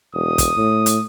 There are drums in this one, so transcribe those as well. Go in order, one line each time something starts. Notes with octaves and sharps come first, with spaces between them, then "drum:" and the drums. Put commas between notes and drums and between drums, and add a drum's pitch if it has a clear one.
E1 D#6
drum: kick, hi-hat
A2
drum: hi-hat